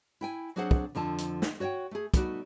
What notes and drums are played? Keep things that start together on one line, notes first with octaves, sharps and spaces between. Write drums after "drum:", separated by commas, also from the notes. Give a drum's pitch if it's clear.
E4 G5 G#5
F#3 C4 D4 G#4 C5 F#5
drum: kick
F2 D3 F3 A5
drum: hi-hat
drum: snare
F#4 C#5 D5 F#5 G5
A3 G#4
G3 A3 B3 D#4 F#4 D5, drum: kick, hi-hat